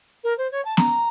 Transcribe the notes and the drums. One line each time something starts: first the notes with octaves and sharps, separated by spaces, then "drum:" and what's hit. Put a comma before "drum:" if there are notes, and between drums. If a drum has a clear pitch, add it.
A#4
C5
C#5
A5
A#5, drum: snare B3